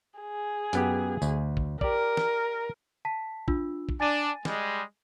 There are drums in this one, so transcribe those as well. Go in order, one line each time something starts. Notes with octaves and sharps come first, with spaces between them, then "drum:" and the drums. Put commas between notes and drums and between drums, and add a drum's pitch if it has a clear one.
G#4
F#2 B3 G4, drum: hi-hat
D2, drum: tambourine
drum: kick
G4 A#4 D5, drum: kick
drum: snare
A5 B6
D4 F4 E6, drum: kick
drum: kick
D4 G#5 A6 D#7
G3 G#3, drum: snare